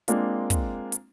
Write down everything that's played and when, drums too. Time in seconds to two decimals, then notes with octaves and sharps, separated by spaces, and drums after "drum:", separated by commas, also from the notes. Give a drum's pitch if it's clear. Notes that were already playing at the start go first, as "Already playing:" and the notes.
0.08 G#3 A#3 C4 D4 F4, drum: hi-hat
0.50 drum: kick, hi-hat
0.92 drum: hi-hat